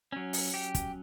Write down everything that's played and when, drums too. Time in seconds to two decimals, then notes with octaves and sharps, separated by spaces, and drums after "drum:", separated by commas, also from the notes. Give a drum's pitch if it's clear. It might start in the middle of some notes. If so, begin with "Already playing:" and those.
0.12 F#3 C#4
0.33 drum: open hi-hat
0.54 G4
0.75 drum: kick, hi-hat